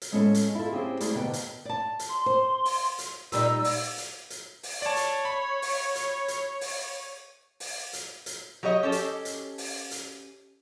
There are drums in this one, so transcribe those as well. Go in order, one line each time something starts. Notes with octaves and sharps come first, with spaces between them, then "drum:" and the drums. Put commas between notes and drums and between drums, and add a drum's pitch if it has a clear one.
drum: hi-hat
A2 G#3 C#4 E4 A4 C#5
drum: hi-hat
E4 F4 A4
C4 C#4 E4 G4 G#4
A3 E4 G4 G#4 D5, drum: hi-hat
D2 B2 D3 A#3 G5
drum: hi-hat
D5 A5
drum: hi-hat
C6
C5
drum: open hi-hat
drum: hi-hat
A#2 G3 D#4 E6, drum: hi-hat
drum: open hi-hat
drum: hi-hat
drum: hi-hat
drum: open hi-hat
C#5 D5 A5
drum: hi-hat
B5
drum: open hi-hat
drum: hi-hat
drum: hi-hat
drum: open hi-hat
drum: open hi-hat
drum: hi-hat
drum: hi-hat
F#3 G4 C#5 D#5
C#4 G4 A4 D#5
drum: hi-hat
drum: hi-hat
drum: open hi-hat
drum: hi-hat